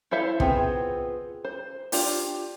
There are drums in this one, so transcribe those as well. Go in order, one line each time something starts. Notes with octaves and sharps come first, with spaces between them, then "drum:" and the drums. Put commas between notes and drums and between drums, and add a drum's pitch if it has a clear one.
E4 A4 C5 E5 F5
B3 C4 F4 G#4, drum: kick
C5
D4 F4 G4, drum: open hi-hat